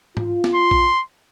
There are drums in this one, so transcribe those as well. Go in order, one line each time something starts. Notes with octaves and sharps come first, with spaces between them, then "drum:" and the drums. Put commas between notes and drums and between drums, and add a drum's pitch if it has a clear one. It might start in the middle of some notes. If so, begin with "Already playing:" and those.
F4, drum: tom G#2
drum: snare
C6
drum: kick A#1